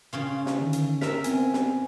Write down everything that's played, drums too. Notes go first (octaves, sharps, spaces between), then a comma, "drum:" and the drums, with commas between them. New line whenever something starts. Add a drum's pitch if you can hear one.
C#3 C#4 F4
drum: snare
D3 D#3
drum: hi-hat
A#4 E5 B6, drum: snare
B3 C4 G#5, drum: hi-hat
drum: snare